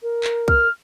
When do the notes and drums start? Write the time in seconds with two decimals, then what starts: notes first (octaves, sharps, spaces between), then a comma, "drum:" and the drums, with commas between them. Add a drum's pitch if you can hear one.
0.03 A#4
0.24 drum: clap
0.48 F6, drum: kick B1